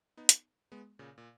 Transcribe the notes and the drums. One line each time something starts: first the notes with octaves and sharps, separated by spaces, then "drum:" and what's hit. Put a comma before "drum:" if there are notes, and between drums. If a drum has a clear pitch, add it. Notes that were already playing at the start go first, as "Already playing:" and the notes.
B3 D#4
drum: hi-hat
G#3 B3
A#2 C#3
A#2